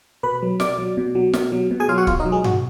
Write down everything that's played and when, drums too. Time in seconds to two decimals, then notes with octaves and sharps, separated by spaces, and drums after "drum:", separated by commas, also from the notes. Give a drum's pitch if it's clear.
0.23 B2 B4 B5
0.42 F#3
0.60 B2 D5 D6, drum: snare
0.78 F#3
0.97 B2
1.15 F#3
1.33 B2, drum: snare
1.52 F#3
1.71 B2
1.80 G#4 G#5
1.89 F#3 F4 F5
1.98 F#4 F#5
2.07 B2 F4 F5, drum: kick
2.20 D#4 D#5
2.25 F#3
2.32 G#3 G#4
2.44 B2 F#4, drum: tom G2